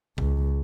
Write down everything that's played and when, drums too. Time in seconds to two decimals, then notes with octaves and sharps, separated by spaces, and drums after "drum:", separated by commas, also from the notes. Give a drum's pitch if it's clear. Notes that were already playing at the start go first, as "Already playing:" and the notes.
0.18 C#2, drum: kick